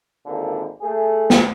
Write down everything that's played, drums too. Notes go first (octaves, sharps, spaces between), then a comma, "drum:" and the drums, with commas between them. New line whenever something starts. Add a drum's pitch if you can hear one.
G#1 A#2 D3 A#3
A3 G#4
drum: snare